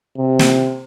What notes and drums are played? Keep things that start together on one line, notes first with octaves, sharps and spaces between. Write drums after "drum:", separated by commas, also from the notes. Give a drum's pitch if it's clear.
C3
drum: snare